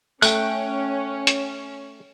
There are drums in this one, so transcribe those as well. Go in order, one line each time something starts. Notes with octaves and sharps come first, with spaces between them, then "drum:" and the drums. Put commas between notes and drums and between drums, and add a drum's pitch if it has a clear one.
A3 C#4 G5 F#6, drum: tambourine
drum: hi-hat